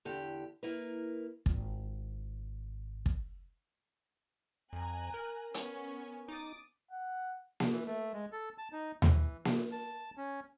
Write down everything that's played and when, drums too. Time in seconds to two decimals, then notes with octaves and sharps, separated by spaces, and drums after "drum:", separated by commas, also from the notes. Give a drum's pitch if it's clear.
0.05 E2 D3 G4
0.63 A#3 E4 A#4 B4
1.46 G#1 F4, drum: kick
3.06 drum: kick
4.73 F2 G#5 A#5 F#6
5.14 A#4
5.54 B3 C#4, drum: hi-hat
6.28 D#4 D6 D#6 A6
6.91 F#5
7.60 drum: snare A#3
7.71 E3
7.86 A3
8.13 G#3
8.32 A4
8.58 A5
8.72 D#4
9.02 E3, drum: tom D#2
9.45 E3, drum: snare A#3
9.72 A5
10.17 C#4